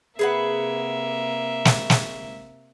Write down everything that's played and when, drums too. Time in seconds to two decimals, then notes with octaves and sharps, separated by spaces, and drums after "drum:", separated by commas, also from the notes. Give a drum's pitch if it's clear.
0.19 C3 A#3 G#4 B4 E5 F#5
1.65 drum: snare
1.90 drum: snare